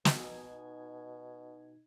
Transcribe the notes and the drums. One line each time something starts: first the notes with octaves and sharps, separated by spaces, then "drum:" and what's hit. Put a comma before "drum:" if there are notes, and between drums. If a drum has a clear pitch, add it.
B2 D#4 F#4 G#5 D#6 G#6, drum: snare